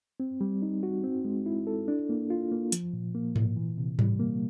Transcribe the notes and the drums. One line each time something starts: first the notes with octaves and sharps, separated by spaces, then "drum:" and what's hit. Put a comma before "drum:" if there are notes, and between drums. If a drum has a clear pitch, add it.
C4
G3
D#4
F#4
C4
G#3
E4
A4
D4
A#3
F4
A#3
F3, drum: hi-hat
A#2
A#3
A#2, drum: tom G#2
E3
C3
G3, drum: tom G#2
A#3